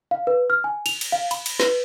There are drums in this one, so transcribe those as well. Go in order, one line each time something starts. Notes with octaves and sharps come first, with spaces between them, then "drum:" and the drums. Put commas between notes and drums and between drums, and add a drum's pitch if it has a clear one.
F5
B4
F6
G#5
F7, drum: cymbal
drum: cymbal
F5
B5, drum: cymbal
drum: cymbal
B4, drum: snare